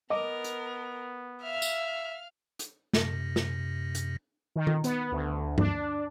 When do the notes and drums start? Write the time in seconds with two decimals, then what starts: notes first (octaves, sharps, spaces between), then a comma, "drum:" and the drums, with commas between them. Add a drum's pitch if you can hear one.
0.10 B3 A#4 D#5 D6
0.44 drum: hi-hat
1.43 E5 F5 F6
1.62 drum: tambourine
2.59 drum: hi-hat
2.93 F#2 C3 A#6, drum: snare
3.36 drum: snare
3.95 drum: hi-hat
4.56 D#3
4.67 drum: tom D#3
4.84 B3, drum: hi-hat
5.12 D2
5.58 D4, drum: tom G2